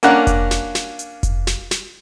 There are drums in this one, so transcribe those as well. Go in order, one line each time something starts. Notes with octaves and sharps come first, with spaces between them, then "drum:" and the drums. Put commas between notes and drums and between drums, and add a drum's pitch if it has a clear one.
A#3 C#4 D4 F#5 A#5, drum: hi-hat
drum: kick F1, hi-hat
drum: snare
drum: snare
drum: hi-hat
drum: kick F1, hi-hat
drum: snare
drum: snare